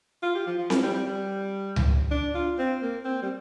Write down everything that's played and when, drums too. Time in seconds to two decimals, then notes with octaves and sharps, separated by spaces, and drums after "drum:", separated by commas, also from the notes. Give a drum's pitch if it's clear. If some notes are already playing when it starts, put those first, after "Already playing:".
0.23 F4
0.35 G4
0.47 F3
0.58 F3
0.70 F3, drum: snare C4
0.83 G3
0.94 G3
1.05 G3
1.76 drum: tom C#2
2.11 D4
2.35 F4
2.58 C4
2.82 A#3
3.05 C4
3.22 G3